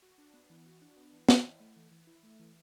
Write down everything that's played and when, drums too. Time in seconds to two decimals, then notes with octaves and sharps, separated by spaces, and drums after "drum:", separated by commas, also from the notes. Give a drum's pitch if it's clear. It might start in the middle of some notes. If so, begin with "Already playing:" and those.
0.02 F#4
0.18 D4
0.34 B3
0.50 E3
0.66 F#4
0.81 D4
0.96 B3
1.13 E3
1.29 E3, drum: snare
1.44 E4
1.60 A3
1.76 E3
1.91 E3
2.07 E4
2.23 A3
2.39 E3